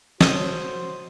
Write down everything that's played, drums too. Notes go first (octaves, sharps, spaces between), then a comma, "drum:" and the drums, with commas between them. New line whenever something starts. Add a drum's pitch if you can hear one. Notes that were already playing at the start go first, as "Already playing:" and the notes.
F#4 A4 C5 C#5 D#5, drum: snare